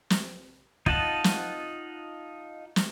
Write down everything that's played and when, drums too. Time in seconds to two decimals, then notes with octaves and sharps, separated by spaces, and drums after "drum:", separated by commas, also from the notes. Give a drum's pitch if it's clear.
0.10 drum: snare
0.86 D#4 F4 D#5 F#5 A5, drum: kick
1.24 drum: snare
2.76 drum: snare